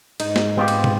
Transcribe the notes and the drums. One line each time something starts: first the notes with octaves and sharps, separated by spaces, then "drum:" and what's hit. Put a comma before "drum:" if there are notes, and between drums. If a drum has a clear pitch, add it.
G#2 D#4, drum: cymbal
drum: snare
B3 C4 F4 G4 C5
drum: cymbal
drum: tom